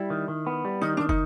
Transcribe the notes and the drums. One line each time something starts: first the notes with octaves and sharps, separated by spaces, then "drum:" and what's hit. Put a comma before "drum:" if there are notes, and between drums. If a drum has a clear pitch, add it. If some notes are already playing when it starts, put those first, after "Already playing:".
Already playing: G3 E4
D#3
D#3
B3
G3
D#3 D#4
D#3 D4
D#4, drum: kick